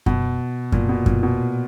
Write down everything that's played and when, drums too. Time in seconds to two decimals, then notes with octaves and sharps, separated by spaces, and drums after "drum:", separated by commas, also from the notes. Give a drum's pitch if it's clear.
0.06 B2, drum: kick F#2
0.72 A#2, drum: kick F#2
0.89 B2
1.06 A#2, drum: kick F#2
1.23 B2